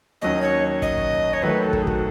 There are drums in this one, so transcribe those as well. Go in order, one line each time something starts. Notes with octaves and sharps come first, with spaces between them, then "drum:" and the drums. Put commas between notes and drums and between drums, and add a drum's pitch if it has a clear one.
D#2 D#3 F#3 C#4 D#5
C#5
D#5, drum: kick
drum: kick
C#5
D#3 F#3 A3 B4
A4
drum: kick
G#4
F#4, drum: kick